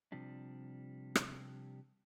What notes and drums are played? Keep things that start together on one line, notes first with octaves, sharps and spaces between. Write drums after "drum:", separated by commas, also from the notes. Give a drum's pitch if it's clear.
C3 F3 G3 D4
drum: rim click